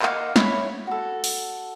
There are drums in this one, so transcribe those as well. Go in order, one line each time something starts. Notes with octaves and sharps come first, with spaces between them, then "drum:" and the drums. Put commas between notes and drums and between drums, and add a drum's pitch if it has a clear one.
A#3 D#4 F5 F#5, drum: clap
C#4 E4 C#5 B5, drum: snare
F#4 A4
drum: open hi-hat